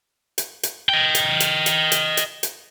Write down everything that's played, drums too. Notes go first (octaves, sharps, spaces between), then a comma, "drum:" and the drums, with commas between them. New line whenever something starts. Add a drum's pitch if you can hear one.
drum: hi-hat
drum: hi-hat
D#5 G5
drum: hi-hat
drum: hi-hat
drum: hi-hat
drum: hi-hat
drum: hi-hat
drum: hi-hat